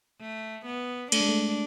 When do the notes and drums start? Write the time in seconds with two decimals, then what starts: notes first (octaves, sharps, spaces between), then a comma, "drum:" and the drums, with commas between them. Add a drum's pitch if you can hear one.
0.20 A3
0.66 B3
1.12 A3 D4, drum: cymbal
1.21 G#3
1.29 A3